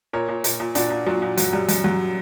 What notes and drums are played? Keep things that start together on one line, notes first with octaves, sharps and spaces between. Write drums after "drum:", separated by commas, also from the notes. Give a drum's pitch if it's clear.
A#2 A#4 C#5
A#2
A#2, drum: hi-hat
A#2
A#2 D4 F#4, drum: hi-hat
A#2
A#2 F#3
A#2
F#2 F#3, drum: hi-hat
F#2 G3
F#2 G3, drum: hi-hat
F#2 F#3